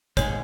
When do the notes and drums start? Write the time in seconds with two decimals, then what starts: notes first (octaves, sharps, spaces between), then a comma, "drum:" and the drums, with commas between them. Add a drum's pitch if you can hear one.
0.17 A#2 G#3 D#4 G#4 C#5, drum: kick, hi-hat